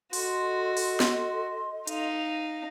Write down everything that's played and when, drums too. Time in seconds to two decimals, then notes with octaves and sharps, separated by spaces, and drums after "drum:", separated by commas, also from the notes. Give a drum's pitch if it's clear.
0.13 F#4 A4 D#5 C6, drum: open hi-hat
0.77 drum: open hi-hat
1.00 drum: snare
1.87 D#4 F5, drum: hi-hat